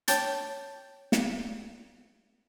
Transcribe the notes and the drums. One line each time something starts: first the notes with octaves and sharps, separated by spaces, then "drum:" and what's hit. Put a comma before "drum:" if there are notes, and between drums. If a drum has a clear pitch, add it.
C#5 G5 A5 G6 A6, drum: hi-hat
drum: snare